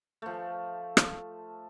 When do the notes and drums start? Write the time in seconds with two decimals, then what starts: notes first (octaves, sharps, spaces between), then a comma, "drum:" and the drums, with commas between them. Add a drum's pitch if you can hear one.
0.22 F3 A3
0.97 drum: rim click